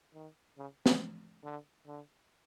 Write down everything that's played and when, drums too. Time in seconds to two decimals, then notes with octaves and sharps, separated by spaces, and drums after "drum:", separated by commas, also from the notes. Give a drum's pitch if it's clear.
0.14 D#3
0.58 C#3
0.86 C#3, drum: snare
1.44 D3
1.87 D3